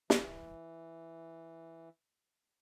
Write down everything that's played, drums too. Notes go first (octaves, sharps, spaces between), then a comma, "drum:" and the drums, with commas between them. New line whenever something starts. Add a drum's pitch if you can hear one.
E3, drum: snare